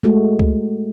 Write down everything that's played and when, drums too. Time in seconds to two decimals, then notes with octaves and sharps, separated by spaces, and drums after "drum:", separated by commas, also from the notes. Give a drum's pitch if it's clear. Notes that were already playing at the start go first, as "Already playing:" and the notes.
0.03 G#3 A3 F#4
0.39 drum: kick C#2